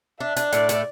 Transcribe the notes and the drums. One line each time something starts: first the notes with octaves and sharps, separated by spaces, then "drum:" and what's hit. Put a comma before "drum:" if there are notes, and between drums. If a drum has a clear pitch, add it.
D4 E5
D4, drum: hi-hat
A2 D5, drum: hi-hat
A3, drum: hi-hat